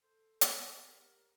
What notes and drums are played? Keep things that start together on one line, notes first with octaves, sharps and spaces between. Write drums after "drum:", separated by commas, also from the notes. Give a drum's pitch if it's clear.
A4 C5
drum: hi-hat
G4 A#4